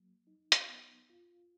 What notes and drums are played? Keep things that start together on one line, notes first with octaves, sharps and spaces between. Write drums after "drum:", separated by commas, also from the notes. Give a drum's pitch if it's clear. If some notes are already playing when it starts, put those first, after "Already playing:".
Already playing: F#3 A#3
D#4
drum: hi-hat
B3
F4